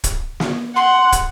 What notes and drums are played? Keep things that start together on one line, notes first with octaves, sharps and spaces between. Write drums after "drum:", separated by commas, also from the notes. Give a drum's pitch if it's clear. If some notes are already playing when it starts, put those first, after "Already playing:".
drum: kick, hi-hat
drum: snare
F#5 C6
drum: kick, hi-hat